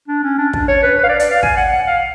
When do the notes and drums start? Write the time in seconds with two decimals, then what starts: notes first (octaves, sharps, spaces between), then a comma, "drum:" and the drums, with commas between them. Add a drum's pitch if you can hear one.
0.08 D4
0.23 C#4
0.38 D4
0.53 D4, drum: kick
0.68 C#5
0.82 B4
0.98 B4
1.04 F5
1.09 D5
1.20 D5, drum: hi-hat
1.31 F5
1.43 G#5, drum: kick
1.57 F#5
1.72 F#5
1.87 F5